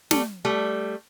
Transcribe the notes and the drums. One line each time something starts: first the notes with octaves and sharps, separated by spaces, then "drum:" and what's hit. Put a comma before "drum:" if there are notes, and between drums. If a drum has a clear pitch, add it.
G3 A3, drum: snare
G3 A3